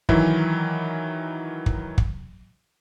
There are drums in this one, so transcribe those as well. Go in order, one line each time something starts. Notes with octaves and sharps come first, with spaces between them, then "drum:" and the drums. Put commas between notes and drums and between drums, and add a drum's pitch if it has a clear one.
D#3 E3 F#3 E4, drum: kick
drum: kick
drum: kick